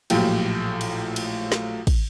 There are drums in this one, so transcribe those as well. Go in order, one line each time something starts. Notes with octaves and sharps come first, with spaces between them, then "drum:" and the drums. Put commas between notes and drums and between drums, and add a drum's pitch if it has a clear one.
A#1 A2 F3 F#3 G4, drum: cymbal
drum: cymbal
drum: cymbal
drum: snare
drum: kick, cymbal